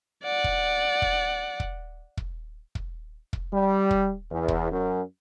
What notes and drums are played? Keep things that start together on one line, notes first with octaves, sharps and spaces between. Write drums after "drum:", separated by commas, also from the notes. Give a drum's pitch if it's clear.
D5 F#5
drum: kick
drum: kick
drum: kick
drum: kick
drum: kick
drum: kick
G3
drum: kick
E2
drum: kick
F#2